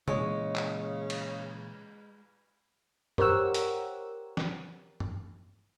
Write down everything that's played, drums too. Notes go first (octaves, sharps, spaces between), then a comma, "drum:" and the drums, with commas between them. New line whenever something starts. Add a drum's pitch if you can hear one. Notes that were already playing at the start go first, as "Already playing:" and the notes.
A#2 C#3 E3 G#3 C#5, drum: tom
drum: clap
drum: cymbal
G4 A#4 C5 C#5 F#5 E6, drum: tom
drum: hi-hat
drum: snare
drum: tom